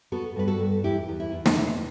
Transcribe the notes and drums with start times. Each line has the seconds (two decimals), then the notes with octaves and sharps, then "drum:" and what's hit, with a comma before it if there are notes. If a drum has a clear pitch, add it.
0.12 B3 F#4 A4
0.36 G2 B4
0.48 F#4 A4
0.60 G2
0.84 E2 E4 G4
1.08 E2
1.20 E4
1.32 E2
1.46 drum: snare
1.56 B2 E4